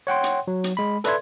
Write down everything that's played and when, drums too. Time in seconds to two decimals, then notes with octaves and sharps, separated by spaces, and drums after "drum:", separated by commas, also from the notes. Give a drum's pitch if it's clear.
0.07 C#5 F#5 G5 C6
0.24 drum: hi-hat
0.47 F#3
0.64 drum: hi-hat
0.77 G#3 B5
1.04 A4 B4 D5 E5 C6 G#6, drum: hi-hat